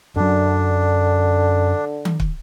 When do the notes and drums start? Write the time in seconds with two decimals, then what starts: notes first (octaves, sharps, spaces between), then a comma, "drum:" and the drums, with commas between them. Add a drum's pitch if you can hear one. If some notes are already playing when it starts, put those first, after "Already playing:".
0.16 F#2 D3 F#3 D4
2.05 drum: tom D#3
2.20 drum: kick